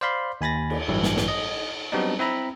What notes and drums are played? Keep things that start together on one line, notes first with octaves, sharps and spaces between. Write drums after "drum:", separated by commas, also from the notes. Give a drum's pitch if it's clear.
C5 D5 F5 B5 C6
D#2 G#5 B5 A6 A#6
drum: cymbal
A1 G2 E3 F#3
drum: snare
drum: snare
D#5
F#3 G3 B3 C4 D4 D#4
C4 E4 E5 A#5 B5